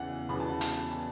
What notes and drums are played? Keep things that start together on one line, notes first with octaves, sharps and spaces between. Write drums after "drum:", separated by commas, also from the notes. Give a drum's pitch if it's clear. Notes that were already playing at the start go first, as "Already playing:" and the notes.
Already playing: E2 C#3 E3 F#5
E2 C#3 E3 B5
A5
F#5
A5, drum: hi-hat
A5